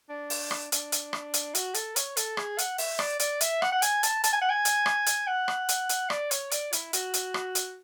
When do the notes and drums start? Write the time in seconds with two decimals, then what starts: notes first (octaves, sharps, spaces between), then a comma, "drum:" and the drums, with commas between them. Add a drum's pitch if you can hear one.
0.09 D4
0.30 drum: open hi-hat
0.51 drum: rim click
0.72 D4, drum: hi-hat
0.92 drum: hi-hat
1.13 drum: rim click
1.34 drum: hi-hat
1.55 F#4, drum: hi-hat
1.74 A4, drum: hi-hat
1.96 C#5, drum: hi-hat
2.17 A4, drum: hi-hat
2.37 G#4, drum: rim click
2.58 F#5, drum: hi-hat
2.78 E5, drum: open hi-hat
2.99 D5, drum: rim click
3.19 D5, drum: hi-hat
3.41 E5, drum: hi-hat
3.62 F#5, drum: rim click
3.72 F#5
3.82 G#5, drum: hi-hat
4.03 A5, drum: hi-hat
4.24 A5, drum: hi-hat
4.33 G#5
4.41 F#5
4.50 G#5
4.65 drum: hi-hat
4.86 drum: rim click
5.06 drum: hi-hat
5.27 F#5
5.48 drum: rim click
5.69 drum: hi-hat
5.89 drum: hi-hat
6.10 D5, drum: rim click
6.31 C#5, drum: hi-hat
6.51 D5, drum: hi-hat
6.73 E4, drum: hi-hat
6.93 F#4, drum: hi-hat
7.14 drum: hi-hat
7.34 drum: rim click
7.55 drum: hi-hat